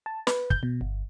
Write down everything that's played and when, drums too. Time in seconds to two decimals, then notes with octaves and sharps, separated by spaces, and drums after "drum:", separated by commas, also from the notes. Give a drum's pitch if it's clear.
0.06 A5
0.27 B4, drum: snare
0.50 G6, drum: kick
0.63 B2
0.81 G1